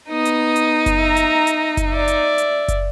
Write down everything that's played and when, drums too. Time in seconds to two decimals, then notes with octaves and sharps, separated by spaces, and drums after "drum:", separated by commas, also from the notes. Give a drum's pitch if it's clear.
0.10 B3 D#4 D#6
0.25 drum: hi-hat
0.56 drum: hi-hat
0.86 drum: kick F#1, hi-hat
1.00 E5 A#5
1.16 drum: hi-hat
1.47 drum: hi-hat
1.77 drum: kick F#1, hi-hat
1.89 D5 E5
2.08 drum: hi-hat
2.38 drum: hi-hat
2.68 drum: kick F#1, hi-hat